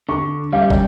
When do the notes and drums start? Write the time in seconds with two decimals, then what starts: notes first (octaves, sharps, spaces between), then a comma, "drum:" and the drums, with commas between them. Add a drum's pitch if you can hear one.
0.09 D3 C#6
0.53 G3 C#4 G4 F5
0.61 E5
0.70 D5, drum: kick